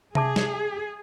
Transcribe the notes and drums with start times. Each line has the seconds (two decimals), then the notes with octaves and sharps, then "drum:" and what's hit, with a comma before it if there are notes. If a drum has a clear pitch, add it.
0.15 G#4 E5 A5 D6, drum: tom C3
0.36 drum: snare